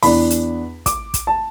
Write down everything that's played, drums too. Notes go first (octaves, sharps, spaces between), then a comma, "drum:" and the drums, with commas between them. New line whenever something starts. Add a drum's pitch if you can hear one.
E2 E3 B3 D4 B5, drum: open hi-hat
drum: hi-hat
D6, drum: kick, hi-hat
drum: kick, hi-hat
A5